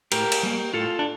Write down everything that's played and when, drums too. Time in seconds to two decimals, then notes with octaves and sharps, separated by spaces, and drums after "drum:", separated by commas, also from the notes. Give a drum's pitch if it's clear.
0.12 A2 G4 A#4, drum: cymbal
0.32 drum: cymbal
0.43 G3 A#3
0.74 A2 F4 A4
0.99 D4